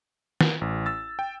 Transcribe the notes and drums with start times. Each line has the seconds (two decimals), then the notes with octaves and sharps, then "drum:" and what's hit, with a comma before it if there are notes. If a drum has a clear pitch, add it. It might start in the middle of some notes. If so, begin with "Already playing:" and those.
0.41 drum: snare
0.61 A1
0.86 E6 A6
1.19 G5